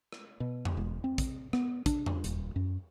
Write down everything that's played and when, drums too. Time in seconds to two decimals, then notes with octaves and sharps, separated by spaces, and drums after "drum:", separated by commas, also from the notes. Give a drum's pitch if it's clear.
0.12 drum: rim click
0.40 B2
0.65 drum: tom E2
0.77 E1
1.04 C4
1.18 drum: kick, hi-hat
1.53 B3, drum: rim click
1.86 D4, drum: kick, hi-hat
2.06 drum: tom E2
2.24 D#1, drum: hi-hat
2.56 F#2